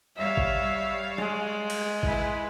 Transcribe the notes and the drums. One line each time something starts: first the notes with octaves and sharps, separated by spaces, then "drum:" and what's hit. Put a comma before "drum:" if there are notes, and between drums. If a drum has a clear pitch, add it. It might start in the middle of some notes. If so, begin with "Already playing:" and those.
G3 C#5 E5 F5
drum: kick A1
G#3, drum: tom
drum: cymbal
E4 B4, drum: kick A1